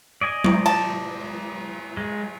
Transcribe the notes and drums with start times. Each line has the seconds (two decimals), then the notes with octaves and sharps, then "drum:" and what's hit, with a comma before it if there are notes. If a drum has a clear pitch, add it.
0.21 D5 D#5 G#5
0.44 drum: tom G#3
0.66 A5, drum: cymbal
1.97 G#3